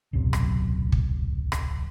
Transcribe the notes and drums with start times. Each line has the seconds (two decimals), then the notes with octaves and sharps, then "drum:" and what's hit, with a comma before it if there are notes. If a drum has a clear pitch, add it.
0.13 D1 B1 F#2 C3
0.33 drum: rim click
0.92 drum: kick
1.52 drum: rim click